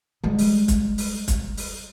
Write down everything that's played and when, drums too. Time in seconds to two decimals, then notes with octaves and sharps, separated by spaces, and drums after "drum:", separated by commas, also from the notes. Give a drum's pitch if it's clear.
0.24 G3 G#3
0.38 drum: open hi-hat
0.68 drum: kick, hi-hat
0.98 drum: open hi-hat
1.28 drum: kick, hi-hat
1.57 drum: open hi-hat